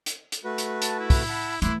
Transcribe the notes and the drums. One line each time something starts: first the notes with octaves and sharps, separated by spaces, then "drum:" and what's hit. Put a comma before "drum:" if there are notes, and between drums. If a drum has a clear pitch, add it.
drum: hi-hat
drum: hi-hat
A3 F#4 B4
drum: hi-hat
A5, drum: hi-hat
E4
drum: kick, open hi-hat
F#5 A5 B5
E3 A3 E4 C6 D6 F#6, drum: hi-hat